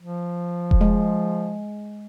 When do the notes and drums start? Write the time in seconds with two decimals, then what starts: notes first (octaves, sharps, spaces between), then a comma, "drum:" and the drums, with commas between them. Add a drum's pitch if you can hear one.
0.01 F3
0.71 drum: kick E1
0.81 G#3